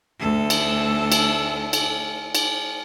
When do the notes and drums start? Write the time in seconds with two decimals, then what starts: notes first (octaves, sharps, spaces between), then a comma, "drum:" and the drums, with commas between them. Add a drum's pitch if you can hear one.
0.19 D2 A4
0.50 drum: cymbal
1.12 drum: cymbal
1.73 drum: cymbal
2.35 drum: cymbal